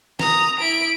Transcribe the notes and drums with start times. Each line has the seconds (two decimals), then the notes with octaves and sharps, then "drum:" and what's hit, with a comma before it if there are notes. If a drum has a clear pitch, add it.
0.19 A#5 D#6, drum: snare
0.59 E4 D7